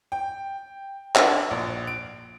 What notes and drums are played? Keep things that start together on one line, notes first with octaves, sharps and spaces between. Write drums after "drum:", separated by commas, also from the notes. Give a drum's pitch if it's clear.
G5
D4, drum: clap
A#1
D7